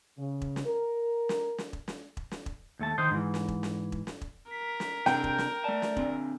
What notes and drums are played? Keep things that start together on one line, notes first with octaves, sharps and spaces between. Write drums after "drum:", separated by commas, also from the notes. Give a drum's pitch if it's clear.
C#3
drum: kick E1
drum: snare
A#4
drum: snare
drum: snare
drum: kick E1
drum: snare
drum: kick E1
drum: snare
drum: kick E1
D#2 A3 A5
D#3 D#4 C5 D#5
G#2 E3
drum: snare
drum: kick E1
drum: snare
drum: kick E1
drum: snare
drum: kick E1
A#4 B6
drum: snare
C3 D4 G5 G6, drum: snare
drum: kick E1
drum: snare
A3 D5 A5
drum: snare
D3 C4, drum: kick E1